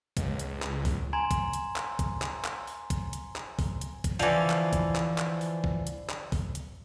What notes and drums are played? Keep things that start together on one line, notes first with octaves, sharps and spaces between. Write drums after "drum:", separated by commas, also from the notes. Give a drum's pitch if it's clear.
C#2, drum: kick, hi-hat
drum: hi-hat
drum: clap
drum: kick, open hi-hat
G#5 A#5 C6 G#6
drum: kick, hi-hat
drum: hi-hat
drum: clap
drum: kick, hi-hat
drum: clap
drum: clap
drum: open hi-hat
drum: kick, hi-hat
drum: hi-hat
drum: clap
drum: kick, open hi-hat
drum: hi-hat
drum: kick, hi-hat
D3 E3 F3 F5
drum: clap
drum: kick, hi-hat
drum: clap
drum: clap
drum: open hi-hat
drum: kick
drum: hi-hat
drum: clap
drum: kick, open hi-hat
drum: hi-hat